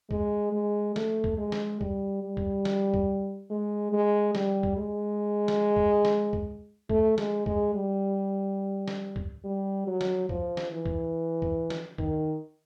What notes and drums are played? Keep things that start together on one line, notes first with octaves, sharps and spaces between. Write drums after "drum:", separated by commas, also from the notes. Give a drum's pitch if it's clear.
G#3, drum: kick
G#3
A3, drum: snare
drum: kick
G#3
drum: snare
G3, drum: kick
G3
drum: kick
drum: snare
drum: kick
G#3
G#3
G3, drum: snare
drum: kick
G#3
drum: snare
drum: kick
drum: snare
drum: kick
A3, drum: kick
G#3, drum: snare
G#3, drum: kick
G3
drum: snare
drum: kick
G3
F#3
drum: snare
F3, drum: kick
drum: snare
E3
drum: kick
drum: kick
drum: snare
D#3, drum: kick